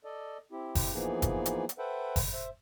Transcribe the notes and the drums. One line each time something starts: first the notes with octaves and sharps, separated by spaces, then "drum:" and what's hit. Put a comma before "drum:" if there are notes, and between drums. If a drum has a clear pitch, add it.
A4 D5 D#5
C4 E4 G4
drum: kick F#1, open hi-hat
E3 F3 A#3 B3 D#4 G#4
drum: kick F#1, hi-hat
drum: hi-hat
drum: hi-hat
A4 B4 C5 E5 F#5 G5
drum: kick F#1, open hi-hat
C5 E5